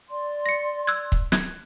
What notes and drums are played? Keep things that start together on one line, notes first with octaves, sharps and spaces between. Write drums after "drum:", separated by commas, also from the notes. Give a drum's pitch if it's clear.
D5 C6
A#6 C#7
E6 F#6 G#6
drum: kick
F#6 G#6, drum: snare